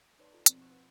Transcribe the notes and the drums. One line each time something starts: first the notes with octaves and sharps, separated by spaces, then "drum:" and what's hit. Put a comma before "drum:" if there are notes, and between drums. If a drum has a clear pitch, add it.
D#4 B4 C#5 D5 A5 C6
F4 A4 A#5
B2 F3 C4, drum: hi-hat
F#5 C6 C#6 E6 F#6
B4